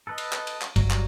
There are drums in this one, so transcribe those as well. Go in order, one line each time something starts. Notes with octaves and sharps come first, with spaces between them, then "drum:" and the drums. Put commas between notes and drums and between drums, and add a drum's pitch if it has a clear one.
A4 B4 D#5
drum: cymbal
drum: clap
drum: cymbal
drum: clap
G1 F#3 G3, drum: kick, cymbal
drum: clap